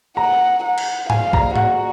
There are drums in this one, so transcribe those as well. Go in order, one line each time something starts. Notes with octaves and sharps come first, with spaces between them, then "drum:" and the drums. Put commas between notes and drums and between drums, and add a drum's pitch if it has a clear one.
F#5 A#5
F#5
drum: cymbal
F5 G#5, drum: tom G#2
A#5, drum: kick B1
F#4 F#5, drum: tom G#2